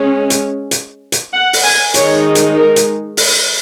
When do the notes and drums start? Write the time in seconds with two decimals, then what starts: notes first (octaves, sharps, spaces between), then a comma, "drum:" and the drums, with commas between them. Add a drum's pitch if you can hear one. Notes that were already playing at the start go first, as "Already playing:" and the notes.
Already playing: G#3 C#4
0.30 drum: hi-hat
0.71 drum: hi-hat
1.12 drum: hi-hat
1.33 F#5
1.53 drum: open hi-hat
1.64 G#5
1.94 D#3 G#3 D#4 C#5, drum: hi-hat
2.35 drum: hi-hat
2.56 A#4
2.76 drum: hi-hat
3.17 drum: open hi-hat